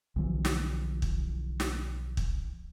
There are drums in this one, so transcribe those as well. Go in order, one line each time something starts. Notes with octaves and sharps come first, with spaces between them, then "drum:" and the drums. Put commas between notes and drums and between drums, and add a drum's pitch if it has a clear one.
B1 D3 E3 F3
drum: snare
drum: kick
drum: snare
drum: kick